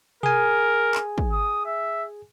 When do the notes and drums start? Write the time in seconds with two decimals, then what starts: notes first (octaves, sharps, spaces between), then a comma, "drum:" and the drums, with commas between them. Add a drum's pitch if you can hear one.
0.23 G#4 A#4 G#5, drum: tom B2
0.95 drum: clap
1.18 drum: kick
1.32 D#6
1.66 E5